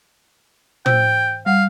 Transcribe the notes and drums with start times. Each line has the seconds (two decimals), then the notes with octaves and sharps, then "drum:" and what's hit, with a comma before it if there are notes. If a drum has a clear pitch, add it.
0.86 C5 G5 E6, drum: tom
1.46 G3 F5 F#5